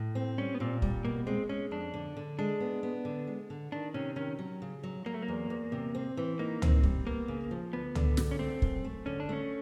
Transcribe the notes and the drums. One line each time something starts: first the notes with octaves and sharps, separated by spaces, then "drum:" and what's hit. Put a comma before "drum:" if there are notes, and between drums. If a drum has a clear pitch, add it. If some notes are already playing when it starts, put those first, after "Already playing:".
Already playing: A2
C4
G3 C#4
B3
A#2 C4
G3, drum: kick
B2 A#3
G#3 C4
G#3 C#4
F2 D4
D3
D3
G#3 D4
B3
B3
D3
G#3
D3
D#3 D4
C3 C#4
D#3 C#4
F#3
C#3
F#3
F#3 A#3
A3
A#3
E2
E2
C3
C4
E3
A#3 D#4
C4, drum: tom C#2
G3, drum: kick
A#3 B3
C#3
F3
D2 B3
D3, drum: tom C#2
D2, drum: snare
C#4
A3 C4
F#2, drum: kick
A3
D3 C#4
D4
A3 C#4